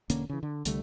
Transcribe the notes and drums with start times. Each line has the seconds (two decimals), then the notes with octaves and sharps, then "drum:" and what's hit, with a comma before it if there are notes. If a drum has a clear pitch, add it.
0.10 E1 D3 A#3 C#4, drum: hi-hat
0.30 C#3 E3
0.43 D3
0.65 C2 D3 G3 A3, drum: hi-hat